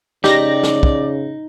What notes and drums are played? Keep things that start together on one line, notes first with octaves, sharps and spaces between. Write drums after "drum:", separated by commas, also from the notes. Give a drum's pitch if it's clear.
C#3 D#4 G4 D5 A#6, drum: snare
drum: snare
drum: kick